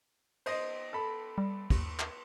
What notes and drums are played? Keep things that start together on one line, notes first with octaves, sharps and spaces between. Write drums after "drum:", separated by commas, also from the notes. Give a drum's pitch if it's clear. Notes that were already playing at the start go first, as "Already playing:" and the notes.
C5 D#5 A#6, drum: cymbal
A4 B5
G3
D#2, drum: kick, cymbal
drum: clap